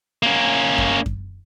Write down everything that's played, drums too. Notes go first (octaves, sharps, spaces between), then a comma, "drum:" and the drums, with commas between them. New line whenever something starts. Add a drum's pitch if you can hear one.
A#3 C#4
drum: kick F#2
drum: kick F#2